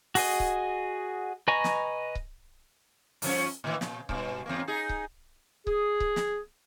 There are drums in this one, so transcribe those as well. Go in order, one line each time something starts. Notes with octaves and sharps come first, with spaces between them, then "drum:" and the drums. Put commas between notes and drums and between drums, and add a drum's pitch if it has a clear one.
F#4 G#4 D#5, drum: open hi-hat
drum: kick C#1
B4 D#5 G#5 A#5 C#6
drum: snare
drum: kick C#1
G2 F3 C#4, drum: open hi-hat
A2 D#3 E3
A#2, drum: snare
G2 B2, drum: kick C#1
E2 G#2 A#3
D#4 G#4
drum: kick C#1
G#4, drum: kick C#1
drum: kick C#1
drum: snare